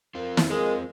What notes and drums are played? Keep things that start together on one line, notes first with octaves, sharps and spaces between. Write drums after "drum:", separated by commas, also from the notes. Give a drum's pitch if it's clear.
C4 F4 A#4
drum: snare
G#3 A#4